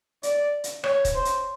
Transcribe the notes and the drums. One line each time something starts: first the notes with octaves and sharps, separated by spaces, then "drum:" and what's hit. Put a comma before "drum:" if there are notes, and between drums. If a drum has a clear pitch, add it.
D5, drum: hi-hat
drum: hi-hat
C#5, drum: rim click
drum: kick D#1, hi-hat
C5
drum: hi-hat